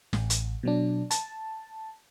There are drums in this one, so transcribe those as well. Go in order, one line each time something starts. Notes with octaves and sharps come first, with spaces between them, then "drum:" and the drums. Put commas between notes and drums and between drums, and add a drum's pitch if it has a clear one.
A1, drum: snare
drum: hi-hat
B2 F#3 D4
A5, drum: hi-hat